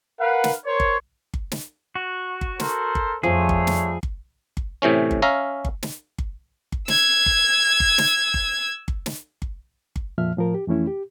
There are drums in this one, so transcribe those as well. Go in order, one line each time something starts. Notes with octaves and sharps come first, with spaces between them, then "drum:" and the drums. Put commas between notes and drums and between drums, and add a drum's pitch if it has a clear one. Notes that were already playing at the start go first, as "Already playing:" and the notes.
A#4 B4 F5 F#5
drum: snare
A#4 C5 C#5
drum: kick G1
drum: kick G1
drum: snare
F#4
drum: kick G1
A4 A#4 C5, drum: snare
drum: kick G1
F2 F3 G3 A3 G#4 C#5
drum: kick G1
drum: snare
drum: kick G1
drum: kick G1
A2 C3 E3 C#4
drum: kick G1
C#4 E5 F5 A#5
drum: kick G1
drum: snare
drum: kick G1
drum: kick G1
E6 G#6, drum: snare
drum: kick G1
drum: kick G1
drum: snare
drum: kick G1
drum: kick G1
drum: snare
drum: kick G1
drum: kick G1
F2 A#2 F3 E5 F6
A2 F3 A#4
G4
F2 E3 A3 C#4 E4
G4